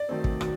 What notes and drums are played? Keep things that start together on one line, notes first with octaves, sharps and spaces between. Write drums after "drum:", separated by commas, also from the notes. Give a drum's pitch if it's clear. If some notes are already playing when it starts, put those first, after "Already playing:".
Already playing: D5
D#3 F#3 A3 C4
drum: kick
D#3 F#3, drum: rim click